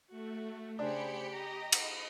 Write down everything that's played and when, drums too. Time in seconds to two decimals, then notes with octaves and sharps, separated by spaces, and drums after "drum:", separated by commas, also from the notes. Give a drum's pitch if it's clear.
0.11 A3 F#4
0.79 C#3 D4 G4 G#4 C5 B5 C#7
1.33 D#5 A#5
1.72 drum: cymbal